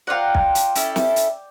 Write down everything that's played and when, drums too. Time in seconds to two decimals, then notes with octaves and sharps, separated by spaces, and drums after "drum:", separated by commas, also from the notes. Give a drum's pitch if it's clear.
0.07 F4 A#4 D5 F#5 G5
0.35 drum: kick
0.55 drum: hi-hat
0.75 C#4 E4 A4, drum: hi-hat
0.96 drum: snare
1.16 drum: hi-hat